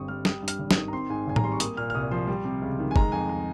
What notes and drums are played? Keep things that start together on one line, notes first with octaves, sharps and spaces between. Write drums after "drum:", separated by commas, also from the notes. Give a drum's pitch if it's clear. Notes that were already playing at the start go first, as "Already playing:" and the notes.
Already playing: G1 G2 C4 C#6 D#6
G3 F6
G3 D#6, drum: snare
G2
F6, drum: hi-hat
G#1
D#6, drum: snare
D#3
A#5
C4 C6
G#2 G#5
G#1 G#5
A#5, drum: tom A2
G3 C6
C#6
A#3 D#6, drum: hi-hat
A#2 F6
F6
C2 D#6
F3 C6
G3
C3
C#2
D#3
G#5
G#3 A#5, drum: kick G1
F2 G#5
A#5